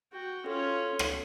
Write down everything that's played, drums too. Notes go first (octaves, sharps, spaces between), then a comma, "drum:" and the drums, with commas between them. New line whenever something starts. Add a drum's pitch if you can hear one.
F#4 G5
C#4 F4 A4
drum: rim click